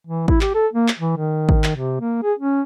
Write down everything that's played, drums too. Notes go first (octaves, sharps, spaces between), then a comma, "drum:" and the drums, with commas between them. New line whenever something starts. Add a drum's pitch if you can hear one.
E3
E4, drum: kick G#1
G4, drum: clap
A4
A#3
drum: clap
E3
D#3
drum: kick G#1
drum: clap
C3
A#3
G#4
C#4